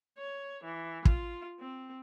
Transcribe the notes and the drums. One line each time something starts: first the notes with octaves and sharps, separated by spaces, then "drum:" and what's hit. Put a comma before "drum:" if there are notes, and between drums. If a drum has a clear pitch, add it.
C#5
E3
F4, drum: kick
C4